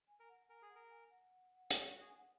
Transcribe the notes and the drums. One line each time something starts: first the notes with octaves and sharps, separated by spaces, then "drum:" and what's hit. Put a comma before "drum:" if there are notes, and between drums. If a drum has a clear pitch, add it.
G#5
A#4
F#5
A#4 G#5
G#4
F#5
A#4
G#5
F#5
G#4, drum: hi-hat
F#4
G#4 G#5
F#5